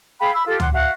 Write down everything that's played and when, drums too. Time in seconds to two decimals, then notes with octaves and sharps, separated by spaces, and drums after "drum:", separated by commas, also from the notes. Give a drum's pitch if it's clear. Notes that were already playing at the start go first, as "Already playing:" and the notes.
0.20 G#4 F5 G5 B5
0.34 B5 E6
0.46 F4 G4 A4
0.60 F#5 C6 D6, drum: tom
0.72 F#4 E5 F5